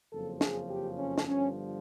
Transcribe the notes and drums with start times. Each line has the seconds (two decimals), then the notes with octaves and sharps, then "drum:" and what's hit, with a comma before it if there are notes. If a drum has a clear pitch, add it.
0.12 F#1 F2 C#3 F3 A4
0.41 G#4, drum: snare
0.70 G4
0.98 C#4
1.18 drum: snare
1.27 G1 G2 D3 F3 C#4